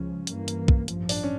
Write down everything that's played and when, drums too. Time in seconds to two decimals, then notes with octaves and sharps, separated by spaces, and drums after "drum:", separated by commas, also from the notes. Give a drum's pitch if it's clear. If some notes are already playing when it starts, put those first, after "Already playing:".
Already playing: C#2 C#3 F3 C#4
0.27 G2 E3 A#3, drum: hi-hat
0.48 drum: hi-hat
0.68 drum: kick
0.88 A1 G2 F3, drum: hi-hat
1.09 D4, drum: open hi-hat
1.23 C#4